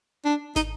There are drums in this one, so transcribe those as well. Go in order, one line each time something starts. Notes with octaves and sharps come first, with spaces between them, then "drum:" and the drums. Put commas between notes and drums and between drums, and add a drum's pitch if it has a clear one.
D4
D#4, drum: snare